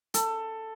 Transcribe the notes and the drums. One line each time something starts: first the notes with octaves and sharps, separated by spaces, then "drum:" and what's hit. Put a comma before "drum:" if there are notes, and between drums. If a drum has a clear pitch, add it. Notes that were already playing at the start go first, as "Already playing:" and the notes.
A4, drum: hi-hat